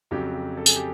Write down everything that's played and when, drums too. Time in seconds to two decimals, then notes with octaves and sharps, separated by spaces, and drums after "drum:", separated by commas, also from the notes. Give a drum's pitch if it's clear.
0.11 F2 C#3 F#3 G4
0.34 G4
0.57 A4
0.66 G#4, drum: tambourine
0.76 G4